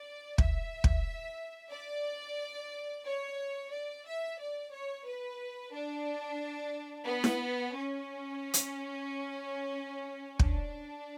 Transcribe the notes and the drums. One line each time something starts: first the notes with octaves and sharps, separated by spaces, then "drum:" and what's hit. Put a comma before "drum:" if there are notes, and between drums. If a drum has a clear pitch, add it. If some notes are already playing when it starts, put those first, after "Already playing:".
Already playing: D5
E5, drum: kick
drum: kick
D5
C#5
D5
E5
D5
C#5
B4
D4
B3
drum: snare E4
C#4
drum: hi-hat
D4, drum: kick